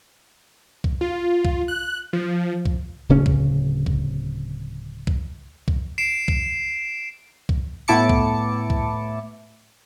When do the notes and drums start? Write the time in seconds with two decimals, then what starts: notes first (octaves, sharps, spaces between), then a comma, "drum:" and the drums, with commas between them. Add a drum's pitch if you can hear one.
0.84 drum: kick C2
1.01 F4
1.45 drum: kick C2
1.68 F#6
2.13 F3
2.65 drum: kick C2
3.09 D1 C#3 C#4
3.26 drum: kick C2
3.86 drum: kick C2
5.07 drum: kick C2
5.68 drum: kick C2
5.98 C7 D7 E7
6.28 drum: kick C2
7.49 drum: kick C2
7.88 A2 B3 E4 A5 D6 C#7
8.09 drum: kick C2
8.70 drum: kick C2